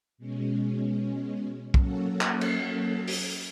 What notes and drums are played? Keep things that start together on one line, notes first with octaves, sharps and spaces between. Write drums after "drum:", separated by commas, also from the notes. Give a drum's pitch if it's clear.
B2 G#3 C#4
F#3 A#3 C#4 F#4 A4, drum: kick
drum: clap
drum: cymbal
drum: open hi-hat